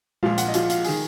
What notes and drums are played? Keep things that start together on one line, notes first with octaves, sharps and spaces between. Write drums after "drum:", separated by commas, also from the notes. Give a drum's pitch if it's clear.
A#1 A#2 F3 F5, drum: tom G#3
F#5, drum: hi-hat
D#5
A#1 A#2 F3 F5, drum: hi-hat
F5, drum: hi-hat
D#3 G#4, drum: open hi-hat